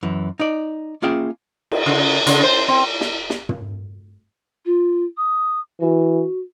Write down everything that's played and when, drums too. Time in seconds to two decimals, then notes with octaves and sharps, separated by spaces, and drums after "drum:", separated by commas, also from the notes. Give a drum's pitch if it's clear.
0.03 F#2 E3
0.40 D#4 D5
1.02 A#3 C#4 F4 G#4 E5 G5
1.71 drum: cymbal
1.86 C#3
2.27 C#3, drum: hi-hat
2.44 C5
2.68 C4
3.01 drum: snare
3.30 drum: snare
3.49 drum: tom
4.66 F4
5.17 D#6
5.81 E3 F#4